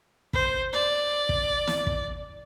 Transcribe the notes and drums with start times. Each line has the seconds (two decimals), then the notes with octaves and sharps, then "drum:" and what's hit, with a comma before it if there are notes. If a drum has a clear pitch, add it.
0.33 C5, drum: kick
0.73 D5
1.29 drum: kick
1.67 drum: snare
1.87 drum: kick